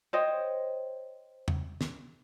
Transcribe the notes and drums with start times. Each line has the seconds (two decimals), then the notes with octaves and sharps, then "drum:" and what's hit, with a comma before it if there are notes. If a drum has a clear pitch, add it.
0.13 C5 C#5 D#5 G5
1.48 drum: tom E2
1.81 drum: snare